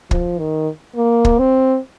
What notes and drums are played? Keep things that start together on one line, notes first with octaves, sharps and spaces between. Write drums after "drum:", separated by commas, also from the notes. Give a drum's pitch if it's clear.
F3, drum: kick
D#3
A#3
drum: kick
C4